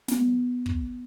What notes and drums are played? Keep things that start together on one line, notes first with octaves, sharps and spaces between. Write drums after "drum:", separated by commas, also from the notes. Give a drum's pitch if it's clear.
B3, drum: snare
drum: kick